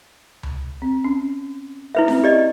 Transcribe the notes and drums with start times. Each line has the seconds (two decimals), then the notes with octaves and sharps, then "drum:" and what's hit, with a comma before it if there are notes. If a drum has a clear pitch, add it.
0.43 drum: tom C#2
0.82 C4
1.05 C#4
1.95 E4 B4 E5
2.08 C4 C#4, drum: snare D4
2.23 G4 D5 D#5